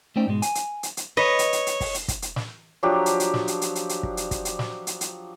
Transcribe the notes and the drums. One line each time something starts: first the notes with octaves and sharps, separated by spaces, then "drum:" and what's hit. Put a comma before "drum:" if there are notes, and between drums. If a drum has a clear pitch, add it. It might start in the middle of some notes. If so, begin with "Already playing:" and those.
A3 C#4 D#4 C5 D5 G5
G#2 B2 G#3
G#5, drum: hi-hat
drum: hi-hat
drum: hi-hat
drum: hi-hat
B4 C#5 D#5
drum: hi-hat
drum: hi-hat
drum: hi-hat
drum: kick, open hi-hat
drum: hi-hat
drum: kick, hi-hat
drum: hi-hat
drum: snare
F3 F#3 D4 G4
drum: hi-hat
drum: hi-hat
drum: snare
drum: hi-hat
drum: hi-hat
drum: hi-hat
drum: hi-hat
drum: kick
drum: hi-hat
drum: kick, hi-hat
drum: hi-hat
drum: snare
drum: hi-hat
drum: hi-hat